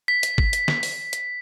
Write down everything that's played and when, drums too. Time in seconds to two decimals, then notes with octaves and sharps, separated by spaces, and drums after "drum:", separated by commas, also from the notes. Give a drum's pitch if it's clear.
0.08 B6
0.23 drum: hi-hat
0.38 drum: kick G#1
0.53 drum: hi-hat
0.68 drum: snare
0.83 drum: open hi-hat
1.13 drum: hi-hat